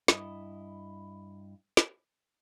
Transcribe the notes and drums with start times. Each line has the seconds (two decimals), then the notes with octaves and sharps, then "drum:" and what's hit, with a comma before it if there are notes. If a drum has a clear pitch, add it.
0.08 G2 E4 D#5, drum: snare
1.77 drum: snare